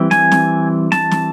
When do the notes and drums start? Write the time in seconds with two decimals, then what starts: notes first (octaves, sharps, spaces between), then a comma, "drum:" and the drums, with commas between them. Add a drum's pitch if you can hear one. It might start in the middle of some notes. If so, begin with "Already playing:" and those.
Already playing: E3 G3 C4
0.11 G#5, drum: snare
0.32 drum: snare
0.92 A5, drum: snare
1.11 drum: snare